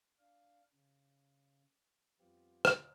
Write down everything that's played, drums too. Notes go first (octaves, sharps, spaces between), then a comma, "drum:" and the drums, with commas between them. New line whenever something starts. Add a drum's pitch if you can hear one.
D4 F5
C#3
F2 G3 B3 C4 F4 G4
drum: rim click